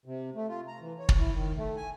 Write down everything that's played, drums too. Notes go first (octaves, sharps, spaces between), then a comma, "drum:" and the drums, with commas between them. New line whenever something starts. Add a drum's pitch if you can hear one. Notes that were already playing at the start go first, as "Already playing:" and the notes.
C3
A3
F4
A#5
E3
C#5
drum: kick
E4
D#3
A3
G#5